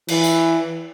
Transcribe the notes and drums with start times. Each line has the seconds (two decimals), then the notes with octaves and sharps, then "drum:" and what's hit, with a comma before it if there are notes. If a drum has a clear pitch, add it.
0.08 E3, drum: cymbal
0.24 drum: tambourine